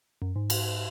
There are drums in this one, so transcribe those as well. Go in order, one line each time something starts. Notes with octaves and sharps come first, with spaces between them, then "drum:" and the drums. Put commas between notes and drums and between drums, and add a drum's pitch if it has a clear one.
F#2
G#2
drum: cymbal